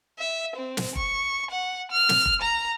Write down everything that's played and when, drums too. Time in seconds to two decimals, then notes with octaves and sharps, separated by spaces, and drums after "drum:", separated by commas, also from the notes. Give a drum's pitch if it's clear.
0.19 E5
0.56 C4
0.77 drum: snare
0.95 C#6, drum: kick F1
1.51 F#5
1.92 F6
2.09 drum: snare
2.26 drum: kick F1
2.42 A#5